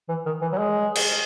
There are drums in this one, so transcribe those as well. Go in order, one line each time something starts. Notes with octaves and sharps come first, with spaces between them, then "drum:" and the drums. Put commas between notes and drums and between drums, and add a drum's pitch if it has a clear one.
E3
D#3
E3
F#3
G#3
drum: cymbal